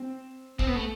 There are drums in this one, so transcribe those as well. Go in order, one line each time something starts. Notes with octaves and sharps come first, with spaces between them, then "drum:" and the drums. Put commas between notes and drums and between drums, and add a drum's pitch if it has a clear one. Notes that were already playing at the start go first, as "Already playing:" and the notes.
Already playing: C4
C4, drum: kick
B3
A3